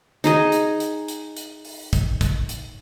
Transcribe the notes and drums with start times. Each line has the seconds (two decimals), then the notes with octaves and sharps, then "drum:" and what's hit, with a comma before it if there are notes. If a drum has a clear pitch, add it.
0.24 D#4 G#4 D#5, drum: hi-hat
0.52 drum: hi-hat
0.80 drum: hi-hat
1.08 drum: hi-hat
1.37 drum: hi-hat
1.65 drum: open hi-hat
1.93 drum: kick, hi-hat
2.21 drum: kick, hi-hat
2.49 drum: hi-hat